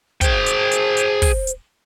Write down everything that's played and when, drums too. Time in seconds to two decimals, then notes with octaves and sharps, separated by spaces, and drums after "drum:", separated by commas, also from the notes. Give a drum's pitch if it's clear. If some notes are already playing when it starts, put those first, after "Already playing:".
0.21 G#4 C5 G5, drum: kick, hi-hat
0.46 drum: hi-hat
0.71 drum: hi-hat
0.97 drum: hi-hat
1.22 drum: kick, open hi-hat
1.47 drum: hi-hat